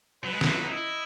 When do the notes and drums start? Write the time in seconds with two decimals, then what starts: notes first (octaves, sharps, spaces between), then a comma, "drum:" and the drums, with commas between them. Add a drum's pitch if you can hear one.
0.24 F#3 B4
0.33 G#3
0.41 F#3, drum: snare
0.60 D#4
0.69 E4 D#5